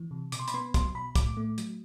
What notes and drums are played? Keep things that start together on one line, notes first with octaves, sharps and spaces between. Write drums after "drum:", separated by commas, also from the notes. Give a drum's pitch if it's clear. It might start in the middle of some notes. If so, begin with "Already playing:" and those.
Already playing: E3
C3
B2 D6, drum: hi-hat
C6
B5, drum: hi-hat
B3 C6
F#3 C6, drum: kick, hi-hat
B2 B5
A2 D6, drum: kick, hi-hat
A3
F#3, drum: hi-hat